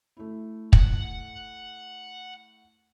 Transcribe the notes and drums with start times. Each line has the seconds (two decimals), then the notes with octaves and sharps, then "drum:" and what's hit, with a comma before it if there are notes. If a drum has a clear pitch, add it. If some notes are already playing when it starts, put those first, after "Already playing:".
0.17 A3 E4
0.73 F#5, drum: kick